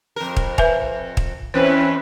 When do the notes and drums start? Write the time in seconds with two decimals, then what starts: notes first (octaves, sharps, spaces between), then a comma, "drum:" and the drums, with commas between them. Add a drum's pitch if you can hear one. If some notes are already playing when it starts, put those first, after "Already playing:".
0.16 F2 A#4
0.36 drum: kick
0.58 B4 E5 G#5, drum: kick
1.17 drum: kick
1.54 E2 C4 C#4 E4 B4 C5